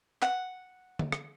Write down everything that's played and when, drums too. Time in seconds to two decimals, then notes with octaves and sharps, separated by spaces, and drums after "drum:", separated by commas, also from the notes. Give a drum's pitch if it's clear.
0.22 F#5, drum: clap
0.99 drum: tom D3
1.12 drum: rim click